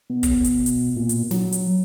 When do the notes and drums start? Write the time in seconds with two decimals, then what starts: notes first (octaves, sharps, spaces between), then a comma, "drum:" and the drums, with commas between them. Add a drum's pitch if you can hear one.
0.10 B2
0.23 drum: kick, hi-hat
0.45 drum: hi-hat
0.66 drum: hi-hat
0.96 A#2
1.09 drum: hi-hat
1.31 F#3, drum: snare
1.53 drum: hi-hat